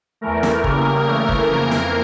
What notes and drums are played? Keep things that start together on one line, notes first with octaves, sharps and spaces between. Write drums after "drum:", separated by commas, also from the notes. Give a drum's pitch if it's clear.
E2 E3 A3 A#4
drum: snare
C#3 G3 A#3 A#4, drum: kick
C#3 E3 A3
drum: kick
F2 E3 A#3
drum: snare